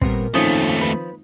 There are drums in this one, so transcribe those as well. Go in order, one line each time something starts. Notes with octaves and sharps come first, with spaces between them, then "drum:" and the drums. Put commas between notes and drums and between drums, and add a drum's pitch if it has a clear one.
A#2 G3 B3 C4 A#4, drum: kick
D#2 D#3 F3 A3 C4 C#4 D#4 D#6
B4